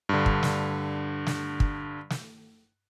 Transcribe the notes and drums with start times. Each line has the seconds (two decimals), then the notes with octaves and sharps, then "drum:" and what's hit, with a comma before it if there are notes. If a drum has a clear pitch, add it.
0.09 G2 D3
0.26 drum: kick
0.43 drum: snare
1.27 drum: snare
1.60 drum: kick
2.10 drum: snare